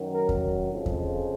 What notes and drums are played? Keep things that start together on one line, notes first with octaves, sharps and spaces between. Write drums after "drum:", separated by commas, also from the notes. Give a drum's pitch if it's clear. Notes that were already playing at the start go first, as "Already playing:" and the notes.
Already playing: F#2 D#3 F#3
A#4
drum: kick E2
F2 C#3 F3 G#3
drum: kick E2